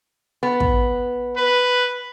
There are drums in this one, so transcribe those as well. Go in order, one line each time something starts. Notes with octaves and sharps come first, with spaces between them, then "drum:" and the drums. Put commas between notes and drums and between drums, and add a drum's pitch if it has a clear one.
B3
drum: kick
B4